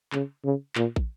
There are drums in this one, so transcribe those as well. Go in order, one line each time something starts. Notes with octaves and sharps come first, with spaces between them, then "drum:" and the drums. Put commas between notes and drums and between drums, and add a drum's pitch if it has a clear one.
C#3, drum: clap
C#3
A#2, drum: clap
drum: kick